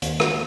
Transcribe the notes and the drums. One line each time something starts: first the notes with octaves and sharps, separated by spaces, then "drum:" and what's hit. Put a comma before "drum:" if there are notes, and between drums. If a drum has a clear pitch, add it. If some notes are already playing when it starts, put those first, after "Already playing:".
D#2, drum: hi-hat
drum: rim click